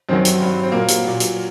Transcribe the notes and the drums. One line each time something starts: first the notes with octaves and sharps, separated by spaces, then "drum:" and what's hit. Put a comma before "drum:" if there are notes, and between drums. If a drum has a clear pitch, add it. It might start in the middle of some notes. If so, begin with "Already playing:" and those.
F#2 D#3 F#3 C4
drum: hi-hat
G2 F#3
C4
A#2 F#3 A#3
drum: hi-hat
A#2 F#3
drum: hi-hat